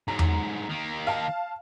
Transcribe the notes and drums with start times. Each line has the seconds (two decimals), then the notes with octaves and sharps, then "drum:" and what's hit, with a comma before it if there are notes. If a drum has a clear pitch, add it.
0.08 G#2 F#3 A#5
0.19 drum: tom E2
0.69 D#3 A#3
1.07 F5 A5